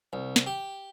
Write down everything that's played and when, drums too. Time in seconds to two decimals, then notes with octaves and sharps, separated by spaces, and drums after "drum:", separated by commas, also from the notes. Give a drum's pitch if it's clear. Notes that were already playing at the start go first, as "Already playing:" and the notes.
0.13 C2
0.36 drum: snare
0.46 G4